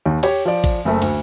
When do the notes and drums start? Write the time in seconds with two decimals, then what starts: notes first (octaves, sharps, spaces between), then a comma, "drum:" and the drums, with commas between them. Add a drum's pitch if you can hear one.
0.06 D#2 D#3
0.23 G4 C#5, drum: cymbal
0.45 F3 D5
0.64 drum: kick A1, cymbal
0.85 F#1 A3
1.02 D2, drum: cymbal